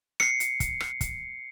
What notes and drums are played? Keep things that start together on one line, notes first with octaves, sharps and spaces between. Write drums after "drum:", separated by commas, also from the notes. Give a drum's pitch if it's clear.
C7 C#7, drum: rim click
drum: hi-hat
drum: kick, hi-hat
drum: rim click
drum: kick, hi-hat